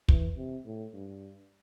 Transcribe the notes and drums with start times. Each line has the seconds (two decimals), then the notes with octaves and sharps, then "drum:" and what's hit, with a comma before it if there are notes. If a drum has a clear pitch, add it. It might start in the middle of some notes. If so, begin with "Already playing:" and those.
0.09 E3, drum: kick
0.37 C3
0.66 A2
0.94 G2